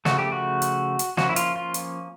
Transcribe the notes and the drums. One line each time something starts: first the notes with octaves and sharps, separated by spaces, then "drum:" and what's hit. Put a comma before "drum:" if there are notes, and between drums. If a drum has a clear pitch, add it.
C#3 F3 A3 F#4, drum: snare
G4
F#4
drum: hi-hat
drum: hi-hat
F3 A#3 C#4 F#4, drum: snare
E4
F4, drum: hi-hat
F4
drum: hi-hat